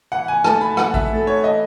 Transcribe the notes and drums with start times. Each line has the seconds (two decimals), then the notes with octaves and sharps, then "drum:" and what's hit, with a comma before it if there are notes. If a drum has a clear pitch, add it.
0.12 E3 F#5
0.28 G#5
0.44 A3 D#4 A4 A5, drum: rim click
0.61 B5
0.77 E3 F#5, drum: rim click
0.94 E5, drum: kick A#1
1.11 A3 D#4 A4
1.27 C#5
1.44 E3 D#5